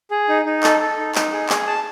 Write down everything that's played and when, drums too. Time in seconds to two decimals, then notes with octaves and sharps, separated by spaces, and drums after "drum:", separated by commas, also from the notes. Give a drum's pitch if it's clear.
0.11 G#4
0.29 D#4
0.46 D#4
0.63 A4, drum: clap
0.80 A4
0.98 D#4
1.15 D#4, drum: clap
1.33 G#4
1.49 G#4, drum: clap
1.67 A5